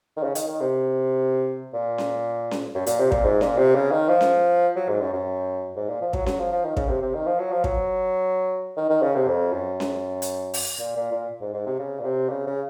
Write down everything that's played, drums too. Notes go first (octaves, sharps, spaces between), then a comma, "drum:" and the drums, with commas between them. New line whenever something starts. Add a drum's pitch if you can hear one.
D#3
C#3
D#3, drum: hi-hat
D#3
C3
A#2
drum: snare C#4
drum: snare C#4
F#2
A#2, drum: hi-hat
C3
A#2, drum: kick
G#2
A#2, drum: snare C#4
C3
C#3
D#3
F3
drum: snare C#4
F#3
G#2
F#2
F#2
G#2
A#2
F3
F#3, drum: kick
F#3, drum: snare C#4
F3
F3
D#3
C#3, drum: kick
C3
C3
D#3
F3
F#3
F3
F#3, drum: kick
D#3
D#3
C#3
C3
F2
F#2
drum: snare C#4
drum: hi-hat
drum: open hi-hat
A#2
A#2
A#2
G#2
G#2
C3
C#3
A#2
C3
C#3
C#3